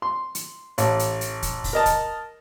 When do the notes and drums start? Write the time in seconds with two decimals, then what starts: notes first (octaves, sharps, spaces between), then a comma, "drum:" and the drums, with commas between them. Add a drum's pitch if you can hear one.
0.02 C6
0.35 drum: hi-hat
0.78 A1, drum: hi-hat
0.99 drum: hi-hat
1.21 drum: hi-hat
1.42 drum: kick, hi-hat
1.64 drum: kick, open hi-hat
1.73 A#4 D#5 A5
1.86 drum: kick, hi-hat